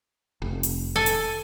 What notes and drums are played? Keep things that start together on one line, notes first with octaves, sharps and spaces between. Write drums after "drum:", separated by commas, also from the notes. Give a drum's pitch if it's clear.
F1
drum: hi-hat
A4 G#5
drum: hi-hat